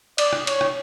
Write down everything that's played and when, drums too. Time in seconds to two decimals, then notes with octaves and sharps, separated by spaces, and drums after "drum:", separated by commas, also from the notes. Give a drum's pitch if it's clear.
0.18 D5, drum: cymbal
0.33 drum: rim click
0.47 C#5, drum: cymbal
0.61 drum: rim click